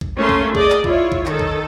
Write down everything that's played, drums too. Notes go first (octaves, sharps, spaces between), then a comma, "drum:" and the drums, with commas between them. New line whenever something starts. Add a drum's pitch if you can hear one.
drum: kick A#1
A3 A#3 C#4 C6
drum: kick A#1
G#4 D5 D#5, drum: kick A#1
drum: clap
E4 F4 C#5, drum: kick A#1
drum: kick A#1
D#3 A4, drum: clap
drum: kick A#1